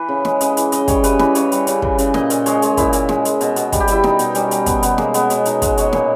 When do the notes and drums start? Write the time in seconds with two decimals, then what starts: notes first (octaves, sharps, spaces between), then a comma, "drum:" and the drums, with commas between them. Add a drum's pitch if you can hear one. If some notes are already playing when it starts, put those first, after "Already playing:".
Already playing: E3 B4
0.09 C#3
0.25 G#3, drum: snare
0.41 C#3 D#5, drum: hi-hat
0.57 E3, drum: hi-hat
0.72 C#3 D#5, drum: hi-hat
0.88 G3 C#5, drum: kick, hi-hat
1.04 C#3 B4, drum: hi-hat
1.19 E3 B4, drum: snare
1.35 C#3 C#5, drum: hi-hat
1.52 G3, drum: hi-hat
1.67 C#3, drum: hi-hat
1.82 E3, drum: kick
1.98 C#3, drum: hi-hat
2.14 A#2 D#5, drum: snare
2.30 A#2, drum: hi-hat
2.46 G#3 C#5, drum: hi-hat
2.62 G#3, drum: hi-hat
2.77 A#2 E4, drum: kick, hi-hat
2.93 A#2, drum: hi-hat
3.09 G#3, drum: snare
3.25 G#3, drum: hi-hat
3.41 B2, drum: hi-hat
3.56 B2, drum: hi-hat
3.72 G3, drum: kick, hi-hat
3.80 G4
3.87 G3 E4, drum: hi-hat
4.04 B2 D#4, drum: snare
4.19 B2, drum: hi-hat
4.35 G3 C#4, drum: hi-hat
4.51 G3, drum: hi-hat
4.66 B2 B3, drum: kick, hi-hat
4.83 B2 B3, drum: hi-hat
4.98 G#3 A#3, drum: snare
5.14 G#3 B3, drum: hi-hat
5.30 B2 C#4, drum: hi-hat
5.45 B2 D#4, drum: hi-hat
5.62 G#3, drum: kick, hi-hat
5.77 G#3 C#5, drum: hi-hat
5.93 A#2, drum: snare